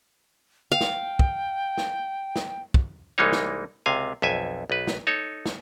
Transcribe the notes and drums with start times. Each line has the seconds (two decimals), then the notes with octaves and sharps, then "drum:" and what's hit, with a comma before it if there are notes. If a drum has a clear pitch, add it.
0.72 F5 G5
0.81 drum: snare
1.19 drum: kick
1.78 drum: snare
2.36 drum: snare
2.74 drum: kick
3.18 C2 E3 G#3 A#3 D#4 C#5
3.32 drum: snare
3.86 C#2 C3 F5 G#5
4.22 B1 F2 E5 G#5
4.70 B1 B4
4.87 drum: snare
5.07 D#4 A4 C#5
5.46 drum: snare